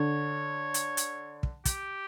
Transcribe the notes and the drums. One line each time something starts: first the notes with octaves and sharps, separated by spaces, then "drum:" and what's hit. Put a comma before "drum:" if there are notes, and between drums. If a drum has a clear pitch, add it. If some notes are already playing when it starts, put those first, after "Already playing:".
Already playing: D3 C#5
drum: hi-hat
drum: hi-hat
drum: kick
G4, drum: kick, hi-hat